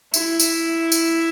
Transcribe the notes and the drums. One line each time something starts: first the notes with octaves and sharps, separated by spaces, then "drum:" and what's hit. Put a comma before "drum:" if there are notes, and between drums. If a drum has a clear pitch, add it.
E4, drum: tambourine
drum: tambourine
drum: tambourine